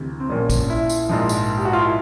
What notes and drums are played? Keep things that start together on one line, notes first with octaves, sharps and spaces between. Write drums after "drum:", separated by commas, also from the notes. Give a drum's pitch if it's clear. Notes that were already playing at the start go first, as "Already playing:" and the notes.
Already playing: D2 C3 E3
C4
A#1 A#2 F3 C#4
drum: kick, tambourine
E4
drum: tambourine
A#1 G#2 F3
drum: tambourine
G4
F#4
F4
E4